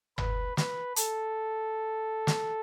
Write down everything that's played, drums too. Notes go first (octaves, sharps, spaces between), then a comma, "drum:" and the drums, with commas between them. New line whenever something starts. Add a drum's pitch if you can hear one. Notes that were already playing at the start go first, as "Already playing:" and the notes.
B4, drum: tom G1
B4, drum: snare
A4, drum: hi-hat
drum: snare